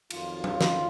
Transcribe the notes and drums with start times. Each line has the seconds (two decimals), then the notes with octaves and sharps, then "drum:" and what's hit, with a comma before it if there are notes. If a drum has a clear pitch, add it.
0.11 F2 D#3 F#3 F4, drum: cymbal
0.44 drum: tom F#3
0.61 drum: snare